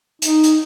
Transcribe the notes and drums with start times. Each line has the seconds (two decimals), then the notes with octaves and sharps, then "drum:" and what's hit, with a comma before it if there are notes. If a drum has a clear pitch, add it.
0.22 D#4, drum: hi-hat
0.43 drum: hi-hat